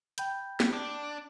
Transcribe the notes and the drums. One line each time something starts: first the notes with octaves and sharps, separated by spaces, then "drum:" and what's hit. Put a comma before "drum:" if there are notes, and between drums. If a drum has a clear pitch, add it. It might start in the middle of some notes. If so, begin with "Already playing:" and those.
G5 B5 G6, drum: hi-hat
drum: snare
D4